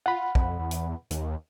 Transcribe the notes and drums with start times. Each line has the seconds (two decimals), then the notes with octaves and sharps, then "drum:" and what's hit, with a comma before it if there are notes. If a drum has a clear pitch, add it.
0.06 F4 F#5 B5
0.35 F2, drum: kick
0.59 E2
0.71 drum: hi-hat
1.11 D#2, drum: hi-hat